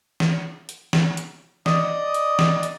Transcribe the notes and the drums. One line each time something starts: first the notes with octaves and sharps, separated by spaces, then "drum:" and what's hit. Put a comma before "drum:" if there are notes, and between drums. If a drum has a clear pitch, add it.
drum: snare
drum: hi-hat
drum: snare
drum: hi-hat
D5 D#5 D#6, drum: snare
drum: hi-hat
drum: snare
drum: hi-hat